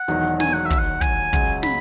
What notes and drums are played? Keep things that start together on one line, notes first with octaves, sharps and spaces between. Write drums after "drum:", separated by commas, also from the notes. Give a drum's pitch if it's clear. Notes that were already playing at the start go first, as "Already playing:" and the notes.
Already playing: F#5
E1 E2 D#3 F#3, drum: hi-hat
G#5, drum: snare
F#5
E5
D#2 D#3 F#3, drum: kick, hi-hat
F#5
G#5, drum: kick, hi-hat
C#2 C#3 F#3, drum: kick, hi-hat
B5, drum: snare